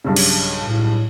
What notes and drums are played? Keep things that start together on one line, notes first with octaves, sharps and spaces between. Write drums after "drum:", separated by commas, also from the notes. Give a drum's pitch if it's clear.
B1 G2 C#3
drum: cymbal
A2